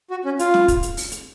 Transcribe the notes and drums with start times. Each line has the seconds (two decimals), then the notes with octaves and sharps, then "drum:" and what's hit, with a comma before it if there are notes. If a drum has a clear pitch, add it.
0.10 F#4
0.25 C#4
0.39 F4, drum: hi-hat
0.54 drum: snare
0.68 drum: kick, hi-hat
0.83 drum: hi-hat
0.97 drum: open hi-hat
1.12 drum: hi-hat